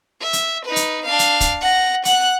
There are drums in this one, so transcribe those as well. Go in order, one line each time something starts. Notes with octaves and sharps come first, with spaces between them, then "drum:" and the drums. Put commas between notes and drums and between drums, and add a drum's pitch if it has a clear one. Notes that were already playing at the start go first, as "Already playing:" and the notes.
E5
drum: hi-hat
D#4 B4
drum: hi-hat
D4 F5
drum: hi-hat
drum: kick, hi-hat
F#5 A#6
F#5 F#6, drum: hi-hat